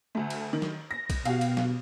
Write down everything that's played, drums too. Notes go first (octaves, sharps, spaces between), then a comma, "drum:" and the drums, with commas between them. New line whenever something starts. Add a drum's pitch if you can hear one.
D2 A3
drum: cymbal
D#3
drum: snare
A#6
drum: kick, cymbal
B2 F#4 G4 F5, drum: cymbal
drum: cymbal
drum: snare